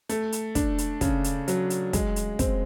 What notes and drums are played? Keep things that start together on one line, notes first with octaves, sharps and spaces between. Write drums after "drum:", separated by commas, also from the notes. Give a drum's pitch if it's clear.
A3, drum: hi-hat
drum: hi-hat
D4, drum: kick, hi-hat
drum: hi-hat
C#3, drum: kick, hi-hat
drum: hi-hat
F#3, drum: hi-hat
drum: hi-hat
G#3, drum: kick, hi-hat
drum: hi-hat
C4, drum: kick, hi-hat